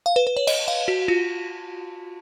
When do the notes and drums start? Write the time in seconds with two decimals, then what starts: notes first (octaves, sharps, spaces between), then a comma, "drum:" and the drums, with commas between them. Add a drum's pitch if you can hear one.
0.06 F5
0.16 B4
0.27 B4
0.37 C#5
0.47 D#5, drum: cymbal
0.68 F5
0.88 F#4
1.08 F4